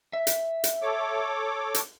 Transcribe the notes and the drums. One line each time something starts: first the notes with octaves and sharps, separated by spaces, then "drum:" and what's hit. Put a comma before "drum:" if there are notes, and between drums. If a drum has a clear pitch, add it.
E5
drum: hi-hat
drum: hi-hat
A4 C#5 D6
drum: hi-hat